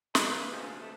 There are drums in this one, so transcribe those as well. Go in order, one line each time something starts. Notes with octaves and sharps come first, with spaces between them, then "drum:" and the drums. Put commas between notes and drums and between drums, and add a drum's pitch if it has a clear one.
D#4, drum: snare
A#3 B4
D2 G#2 C3 F3 B3 D4
A3